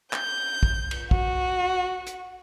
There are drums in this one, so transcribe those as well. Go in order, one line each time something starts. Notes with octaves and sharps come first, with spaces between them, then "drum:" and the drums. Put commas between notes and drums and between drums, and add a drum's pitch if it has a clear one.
G6, drum: clap
drum: kick
drum: cymbal
F#4, drum: kick
drum: hi-hat